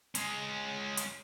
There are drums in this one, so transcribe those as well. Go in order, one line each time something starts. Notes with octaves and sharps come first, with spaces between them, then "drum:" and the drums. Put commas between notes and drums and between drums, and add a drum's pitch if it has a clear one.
G#3 C#4, drum: hi-hat
drum: hi-hat